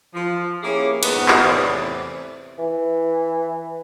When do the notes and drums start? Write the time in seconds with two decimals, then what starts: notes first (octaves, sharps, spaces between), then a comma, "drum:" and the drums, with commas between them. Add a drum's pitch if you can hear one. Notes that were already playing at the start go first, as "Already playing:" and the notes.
0.14 F3
0.63 A#3 C#4 E4 G4 G#4
1.03 F2 G#2 D#3 B3, drum: cymbal
1.28 drum: clap
1.44 E2 A2 C3 E3 D5
2.59 E3